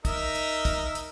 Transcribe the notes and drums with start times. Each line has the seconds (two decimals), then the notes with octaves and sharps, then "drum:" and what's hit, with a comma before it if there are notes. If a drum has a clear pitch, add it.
0.05 D#4 A#4 E5, drum: kick, hi-hat
0.35 drum: hi-hat
0.65 drum: kick, hi-hat
0.95 drum: hi-hat